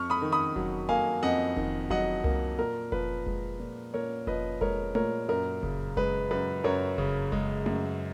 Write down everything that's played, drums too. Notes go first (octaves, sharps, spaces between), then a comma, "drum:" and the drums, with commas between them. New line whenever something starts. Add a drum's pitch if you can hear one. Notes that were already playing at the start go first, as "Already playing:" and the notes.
Already playing: F2 C#6 F6
B5 D#6
D#3
B5 D#6
F#3, drum: kick F1
A#3 F5 G#5
F2 D#5 F#5
D#3, drum: kick F1
F#3 D#5 F#5, drum: kick F1
A#3, drum: tom C2
A#2 A#4
F3 B4, drum: kick F1
G#3, drum: kick F1
A#2
A#2 A#4 C#5
F3 B4 D#5, drum: kick F1
G#3 A#4 C#5, drum: kick F1
A#2 A#4 C#5, drum: tom A3
F#2 A#4
C#3, drum: kick F1
G#3 B4, drum: kick F1
F#2 B4
F#2 A#4 C#5
C#3, drum: kick F1
G#3, drum: kick F1
F#2, drum: tom A3